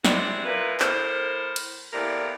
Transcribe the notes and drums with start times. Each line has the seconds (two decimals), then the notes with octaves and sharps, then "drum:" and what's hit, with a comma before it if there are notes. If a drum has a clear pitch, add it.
0.05 G3 G#3 C4 E4 F#4 D5, drum: snare
0.46 F#2 A#2 E4 F4 B4
0.80 A2 A#4 C5, drum: clap
1.56 drum: cymbal
1.93 E2 A2 C3 A#3 A#4 D5